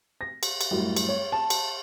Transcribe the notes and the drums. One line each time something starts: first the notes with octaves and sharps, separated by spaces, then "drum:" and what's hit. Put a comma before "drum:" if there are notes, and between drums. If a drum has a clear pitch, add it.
A#6
drum: cymbal
drum: cymbal
F#2 A2 G3
drum: cymbal
C#5
A5
drum: cymbal